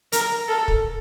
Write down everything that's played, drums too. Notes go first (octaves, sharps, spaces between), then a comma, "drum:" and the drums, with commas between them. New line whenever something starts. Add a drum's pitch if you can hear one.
A#4, drum: hi-hat
A4
drum: kick